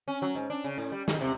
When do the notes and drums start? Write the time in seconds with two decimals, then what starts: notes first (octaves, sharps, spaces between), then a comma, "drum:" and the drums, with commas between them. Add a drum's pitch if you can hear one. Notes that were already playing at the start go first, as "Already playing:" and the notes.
0.08 C#4
0.22 F#3
0.35 G#2
0.50 D4
0.64 C#3
0.78 A2
0.92 G3
1.08 D#3, drum: snare
1.21 C3